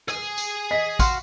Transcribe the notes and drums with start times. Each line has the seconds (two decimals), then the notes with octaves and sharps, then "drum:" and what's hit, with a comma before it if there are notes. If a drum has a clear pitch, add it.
0.08 G#4 G#5, drum: rim click
0.38 drum: tambourine
0.71 D#5 B6
0.99 F#4 F5 C6, drum: kick A1, tambourine